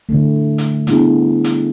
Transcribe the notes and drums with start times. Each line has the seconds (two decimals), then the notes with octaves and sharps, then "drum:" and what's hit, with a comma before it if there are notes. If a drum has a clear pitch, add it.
0.09 D3 A3
0.58 drum: hi-hat
0.87 G3 B3 D4 E4 G#4, drum: hi-hat
1.44 drum: hi-hat